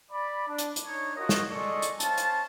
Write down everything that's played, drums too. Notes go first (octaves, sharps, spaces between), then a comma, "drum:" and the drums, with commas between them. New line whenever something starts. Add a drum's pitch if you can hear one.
D5 B5
D4
drum: hi-hat
drum: hi-hat
D4 D#4 C#5
F4 F#4 A#4 C#5 D#5
drum: snare
G#3 A4 D5 D#5 C#6
drum: hi-hat
C#4 C5 F5 A5, drum: hi-hat
drum: hi-hat